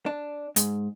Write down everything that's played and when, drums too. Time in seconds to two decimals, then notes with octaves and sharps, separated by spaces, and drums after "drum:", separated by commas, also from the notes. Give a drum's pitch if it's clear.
0.06 D4
0.56 G#2, drum: hi-hat